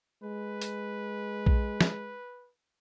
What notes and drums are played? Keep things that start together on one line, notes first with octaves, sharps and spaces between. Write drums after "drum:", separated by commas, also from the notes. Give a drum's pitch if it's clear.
G#3 B4
drum: hi-hat
drum: kick A#1
drum: snare